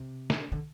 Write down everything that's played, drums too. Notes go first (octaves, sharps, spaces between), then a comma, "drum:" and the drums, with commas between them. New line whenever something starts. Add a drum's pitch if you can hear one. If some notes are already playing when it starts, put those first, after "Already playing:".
Already playing: C3
drum: snare
D3